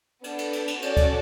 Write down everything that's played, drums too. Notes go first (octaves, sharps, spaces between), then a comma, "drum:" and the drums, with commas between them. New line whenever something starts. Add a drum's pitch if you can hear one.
B3 D4 A4, drum: cymbal
drum: cymbal
drum: cymbal
drum: cymbal
C#4 F#4 A4 D5 A5, drum: cymbal
drum: kick D2, cymbal